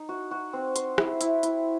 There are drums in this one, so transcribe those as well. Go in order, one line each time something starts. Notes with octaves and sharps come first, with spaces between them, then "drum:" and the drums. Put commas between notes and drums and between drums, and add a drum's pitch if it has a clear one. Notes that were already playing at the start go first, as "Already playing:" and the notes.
Already playing: D#4
F#4
F#4
C4
C5, drum: hi-hat
E4, drum: rim click
E4, drum: hi-hat
E4, drum: hi-hat